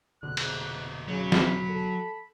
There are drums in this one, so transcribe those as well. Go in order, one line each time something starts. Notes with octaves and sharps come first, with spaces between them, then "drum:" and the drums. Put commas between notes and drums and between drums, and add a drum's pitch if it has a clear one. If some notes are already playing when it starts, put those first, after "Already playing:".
F1 B2 D3 F#6
drum: cymbal
C#3 F#3 B5
drum: snare
A4